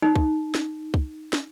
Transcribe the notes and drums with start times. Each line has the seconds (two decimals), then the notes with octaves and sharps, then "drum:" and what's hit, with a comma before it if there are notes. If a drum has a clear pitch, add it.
0.02 D#4
0.16 drum: kick
0.55 drum: snare
0.94 drum: kick
1.33 drum: snare